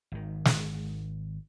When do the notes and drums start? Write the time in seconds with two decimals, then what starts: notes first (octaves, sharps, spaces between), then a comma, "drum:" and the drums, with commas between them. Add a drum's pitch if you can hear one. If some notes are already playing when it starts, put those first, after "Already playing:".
0.12 G#1 D#3
0.45 drum: snare